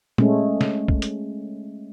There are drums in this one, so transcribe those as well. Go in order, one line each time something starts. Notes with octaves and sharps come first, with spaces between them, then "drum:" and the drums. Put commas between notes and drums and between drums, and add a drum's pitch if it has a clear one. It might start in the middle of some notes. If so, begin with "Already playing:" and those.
G#3 A3 C#4, drum: tom A#2
drum: snare
drum: kick
drum: hi-hat